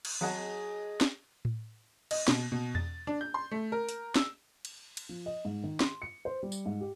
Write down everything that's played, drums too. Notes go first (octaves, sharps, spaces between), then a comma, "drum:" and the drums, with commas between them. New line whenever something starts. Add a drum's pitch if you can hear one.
drum: cymbal
F#3 G#4 D#5 F#5 A5
drum: snare
drum: tom A2
D#5, drum: cymbal
B2, drum: snare
B2
A6, drum: tom E2
D4
G6
C6
A3
A#4
drum: hi-hat
E6, drum: snare
drum: cymbal
drum: cymbal
F3
D#5
G#2
D#3
C6, drum: snare
C#7
C5
G3
drum: tambourine
G#2
G4